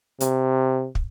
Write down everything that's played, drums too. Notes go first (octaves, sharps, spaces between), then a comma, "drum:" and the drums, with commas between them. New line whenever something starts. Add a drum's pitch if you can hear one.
C3, drum: hi-hat
drum: kick